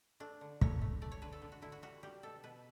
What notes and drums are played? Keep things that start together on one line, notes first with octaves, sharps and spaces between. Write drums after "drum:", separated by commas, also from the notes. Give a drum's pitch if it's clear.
A3 D4
D3
A3 C#5, drum: kick
A3
A3 D5
C#5
D3 B4
A4
D3
F#4
D3 E4
F#4
G3 F#4
G3 G4
B2 A4
B2 B4